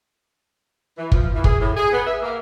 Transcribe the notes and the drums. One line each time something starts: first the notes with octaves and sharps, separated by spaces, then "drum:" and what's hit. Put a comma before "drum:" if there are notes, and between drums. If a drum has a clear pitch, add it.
E3
F3, drum: kick
E3
G#4, drum: kick
A2
G#4
B3
E5
A#3